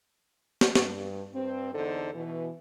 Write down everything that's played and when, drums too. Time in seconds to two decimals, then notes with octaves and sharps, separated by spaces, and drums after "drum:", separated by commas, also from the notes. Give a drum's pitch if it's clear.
0.61 drum: snare
0.75 G2, drum: snare
1.34 G2 C4
1.74 E2 D3 D#4 A4 C5
2.14 B2 E3